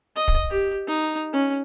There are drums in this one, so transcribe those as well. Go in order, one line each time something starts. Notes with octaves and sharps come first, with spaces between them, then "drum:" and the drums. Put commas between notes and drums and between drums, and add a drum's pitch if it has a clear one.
D#5
drum: kick
G4
D#4
C#4